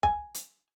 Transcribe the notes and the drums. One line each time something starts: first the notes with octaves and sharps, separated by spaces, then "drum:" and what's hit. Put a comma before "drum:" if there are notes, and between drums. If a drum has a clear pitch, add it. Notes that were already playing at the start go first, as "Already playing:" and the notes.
G#5, drum: kick
drum: hi-hat